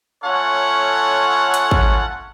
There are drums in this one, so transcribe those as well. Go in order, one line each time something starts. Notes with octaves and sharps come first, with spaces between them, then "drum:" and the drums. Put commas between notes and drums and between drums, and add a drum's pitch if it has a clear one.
A3 C#4 F4 A4 C#5 F#5
drum: hi-hat
drum: kick